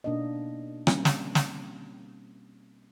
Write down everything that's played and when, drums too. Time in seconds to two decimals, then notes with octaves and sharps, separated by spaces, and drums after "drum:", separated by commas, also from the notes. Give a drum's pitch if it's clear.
0.04 B2 A#3 D4 D#4 D#5
0.87 G3 A#3 C4 C#4, drum: rim click
1.05 drum: snare
1.35 drum: snare